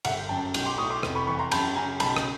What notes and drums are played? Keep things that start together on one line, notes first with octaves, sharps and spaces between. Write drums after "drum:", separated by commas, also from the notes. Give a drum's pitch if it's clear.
G1 E5 F#5, drum: cymbal
F#2 G5 A5
B1, drum: cymbal
C6 D6
A2 C#6 D#6
C6 D6
F1, drum: rim click
B5 C#6
E2 B5 C#6
A#5 C6
F#2 A5 B5, drum: cymbal
C#3 G#5 A#5
B1 A5 B5, drum: cymbal
drum: rim click